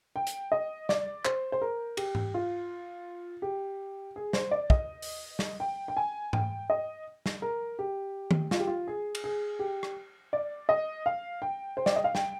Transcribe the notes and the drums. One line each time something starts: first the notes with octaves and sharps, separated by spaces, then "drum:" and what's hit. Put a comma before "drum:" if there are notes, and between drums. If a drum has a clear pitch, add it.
G5
drum: hi-hat
D#5
D5, drum: snare
C5, drum: clap
C5
A#4
G4, drum: cymbal
drum: tom G#2
F4
G4
G#4
C5, drum: snare
D5
D#5, drum: kick
drum: open hi-hat
drum: snare
G5
G5
G#5
G5, drum: tom G#2
D#5
drum: snare
A#4
G4
drum: tom D#3
F4, drum: snare
G4
F4
G#4
drum: cymbal
G#4
G4
drum: rim click
D5
D#5
F5
G5
C5
D5, drum: snare
D#5
F5
G5, drum: snare